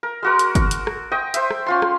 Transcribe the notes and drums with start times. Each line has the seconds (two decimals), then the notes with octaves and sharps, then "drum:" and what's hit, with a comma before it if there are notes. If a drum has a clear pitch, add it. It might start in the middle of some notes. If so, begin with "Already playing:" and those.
0.03 A#4
0.23 G#3 F#4 A#4
0.39 drum: hi-hat
0.55 drum: kick G1, hi-hat
0.71 drum: hi-hat
0.87 drum: rim click
1.12 D#5 G5 C#6
1.34 C5 E5, drum: hi-hat
1.51 drum: rim click
1.66 C#4 F4 C6
1.82 drum: rim click